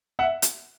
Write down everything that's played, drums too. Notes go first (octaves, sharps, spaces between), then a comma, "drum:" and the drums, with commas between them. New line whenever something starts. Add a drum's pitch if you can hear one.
E5 F#5
drum: hi-hat